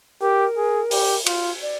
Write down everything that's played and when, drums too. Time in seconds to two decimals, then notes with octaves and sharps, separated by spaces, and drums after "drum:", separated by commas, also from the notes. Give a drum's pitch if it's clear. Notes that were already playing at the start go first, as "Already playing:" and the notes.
0.21 G4 A#4
0.57 G#4
0.91 G4, drum: open hi-hat
1.26 F4, drum: cymbal
1.62 D5